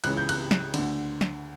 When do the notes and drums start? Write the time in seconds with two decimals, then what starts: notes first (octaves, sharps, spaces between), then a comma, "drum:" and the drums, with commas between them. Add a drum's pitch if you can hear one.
0.04 C#2 C#3 E3 F#6, drum: cymbal
0.17 G6
0.29 F#6, drum: cymbal
0.51 drum: snare
0.74 D2 D3, drum: cymbal
1.21 drum: snare